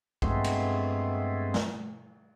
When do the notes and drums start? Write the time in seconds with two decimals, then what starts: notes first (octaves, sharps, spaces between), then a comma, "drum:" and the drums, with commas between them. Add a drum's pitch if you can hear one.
0.22 G2 G#3 A3 B3 C4, drum: kick A#1
0.44 drum: cymbal
1.54 drum: snare